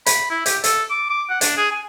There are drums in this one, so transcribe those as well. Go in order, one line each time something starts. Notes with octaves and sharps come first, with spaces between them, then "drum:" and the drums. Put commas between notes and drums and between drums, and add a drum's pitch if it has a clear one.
B5, drum: hi-hat
E4
G4, drum: hi-hat
A4, drum: hi-hat
D6
D6
F#5
D4, drum: hi-hat
G#4
G#5